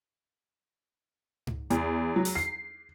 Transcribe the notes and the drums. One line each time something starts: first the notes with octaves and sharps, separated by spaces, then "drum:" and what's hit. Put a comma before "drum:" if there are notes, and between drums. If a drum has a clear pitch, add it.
drum: tom G#2
E2, drum: hi-hat
F#3
drum: open hi-hat
C7